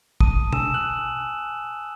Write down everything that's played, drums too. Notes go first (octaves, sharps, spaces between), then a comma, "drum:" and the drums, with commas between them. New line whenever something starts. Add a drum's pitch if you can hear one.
A5 D#6 D#7, drum: kick
G#5 E6 E7, drum: tom B2
F#6 F#7
G#5